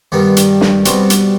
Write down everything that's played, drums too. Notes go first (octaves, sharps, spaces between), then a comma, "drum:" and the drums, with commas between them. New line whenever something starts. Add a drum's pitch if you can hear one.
G2 D#3 G3 B3
drum: hi-hat
drum: snare
B2 G3 C4, drum: hi-hat
drum: hi-hat